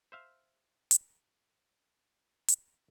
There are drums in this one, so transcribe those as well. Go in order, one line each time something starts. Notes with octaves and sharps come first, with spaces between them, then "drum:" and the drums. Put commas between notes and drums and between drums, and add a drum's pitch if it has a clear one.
C5 E5 F5
drum: hi-hat
drum: hi-hat